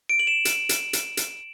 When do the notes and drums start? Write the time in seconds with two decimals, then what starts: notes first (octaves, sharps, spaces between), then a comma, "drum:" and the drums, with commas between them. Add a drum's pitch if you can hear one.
0.09 D7
0.19 F#7
0.27 E7
0.45 drum: hi-hat
0.69 drum: hi-hat
0.93 drum: hi-hat
1.17 drum: hi-hat